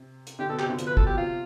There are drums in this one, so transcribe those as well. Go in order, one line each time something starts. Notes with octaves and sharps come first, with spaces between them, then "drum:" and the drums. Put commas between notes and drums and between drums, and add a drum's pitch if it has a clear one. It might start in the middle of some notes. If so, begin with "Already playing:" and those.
Already playing: C3
drum: hi-hat
D3 G4
B2 A4
C3 G4, drum: clap
D3
F3, drum: hi-hat
B4
A4, drum: kick
B2 G4
C3 F4